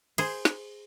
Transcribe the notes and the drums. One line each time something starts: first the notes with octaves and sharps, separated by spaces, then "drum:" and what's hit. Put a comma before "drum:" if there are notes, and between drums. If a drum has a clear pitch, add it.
G#4 C5, drum: cymbal
drum: snare